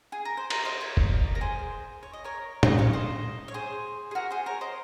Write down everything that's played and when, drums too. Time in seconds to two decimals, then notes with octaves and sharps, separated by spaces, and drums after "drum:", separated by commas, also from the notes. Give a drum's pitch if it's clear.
0.12 G#4
0.25 A#4
0.37 C5
0.50 A#4 C#5, drum: cymbal
0.65 C5 D#5
0.81 A#4 C#5
0.97 drum: kick F1
1.35 A#4
1.41 G#4 C5
2.03 C#5
2.13 D#5
2.24 A#4 C#5
2.63 C5 D#5, drum: tom
2.78 C#5 F5
2.93 C5 D#5
3.48 C#5
3.54 G#4 C5
4.11 G#4
4.15 F#4 A#4
4.31 G#4 C5
4.46 A#4 C#5
4.61 C5 D#5